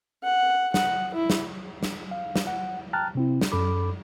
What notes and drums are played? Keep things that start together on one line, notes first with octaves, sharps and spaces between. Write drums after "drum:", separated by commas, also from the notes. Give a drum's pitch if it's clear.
F#5
F#5, drum: snare
E4
drum: snare
drum: snare
F5
drum: snare
F#5
G5 A5 A#5 F6 F#6 A6
C3 C4 E4
drum: snare
F#2 A4 B5 D6